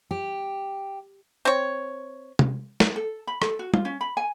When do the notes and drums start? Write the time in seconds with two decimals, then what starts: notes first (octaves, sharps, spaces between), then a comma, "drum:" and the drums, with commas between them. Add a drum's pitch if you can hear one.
0.11 G4
1.45 C4 C#5
2.39 drum: tom C3
2.80 drum: snare
2.96 A4
3.27 B5
3.42 A4, drum: rim click
3.59 F#4
3.74 F4, drum: tom
3.85 C#4
4.01 B5
4.17 G#5